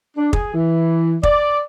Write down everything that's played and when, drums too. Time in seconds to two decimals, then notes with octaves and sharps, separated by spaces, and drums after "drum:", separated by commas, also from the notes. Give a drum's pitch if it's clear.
0.17 D4
0.33 G#4, drum: kick
0.54 E3
1.23 D5, drum: kick